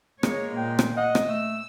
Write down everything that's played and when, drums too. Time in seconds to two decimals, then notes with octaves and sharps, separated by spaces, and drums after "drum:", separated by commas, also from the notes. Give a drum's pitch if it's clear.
0.23 G#3 A#3 C#5, drum: rim click
0.57 A#2 G5
0.79 drum: rim click
0.97 D#5 F#5
1.15 drum: rim click
1.27 A3 E6